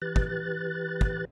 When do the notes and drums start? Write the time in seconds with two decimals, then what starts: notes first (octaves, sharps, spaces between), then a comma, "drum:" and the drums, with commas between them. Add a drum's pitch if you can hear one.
0.02 E3 G4 B4 F#6 A6
0.16 drum: kick
1.01 drum: kick